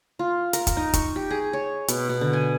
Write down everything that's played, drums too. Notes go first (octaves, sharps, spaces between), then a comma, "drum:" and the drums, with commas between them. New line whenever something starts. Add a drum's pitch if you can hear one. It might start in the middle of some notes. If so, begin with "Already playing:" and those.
F4
A#4, drum: hi-hat
drum: kick, hi-hat
D#4
C#6, drum: kick, hi-hat
G4
G#4
C#5
B2, drum: hi-hat
B2
D3
G#5